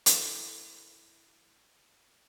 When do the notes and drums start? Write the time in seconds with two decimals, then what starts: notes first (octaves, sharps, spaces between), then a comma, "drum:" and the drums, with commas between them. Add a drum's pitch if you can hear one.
0.06 E4 A4 A#4 D5, drum: hi-hat